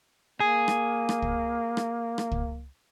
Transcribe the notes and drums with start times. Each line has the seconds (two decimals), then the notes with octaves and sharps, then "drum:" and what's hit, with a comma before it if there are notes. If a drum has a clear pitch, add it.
0.40 A#3 G#4
0.68 drum: rim click
1.09 drum: rim click
1.22 drum: kick
1.77 drum: rim click
2.18 drum: rim click
2.32 drum: kick